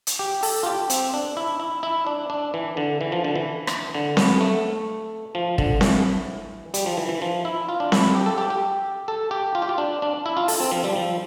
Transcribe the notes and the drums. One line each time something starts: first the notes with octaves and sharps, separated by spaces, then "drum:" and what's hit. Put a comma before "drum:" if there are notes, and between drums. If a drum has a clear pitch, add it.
drum: hi-hat
G4
A4, drum: open hi-hat
F4
G4
C4, drum: hi-hat
D4
E4
E4
E4
D4
D4
E3
D3
E3
F3
D3
E3
drum: rim click
D3
B3, drum: snare C4
A3
F3
D3, drum: kick
E3, drum: snare C4
G3, drum: hi-hat
F3
E3
E3
F3
E4
F4
D4
E4, drum: snare C4
G4
A4
G4
G4
A4
G4
F4
G4
F4
D4
D4
E4
F4
A4, drum: open hi-hat
C4
F3
G3
F3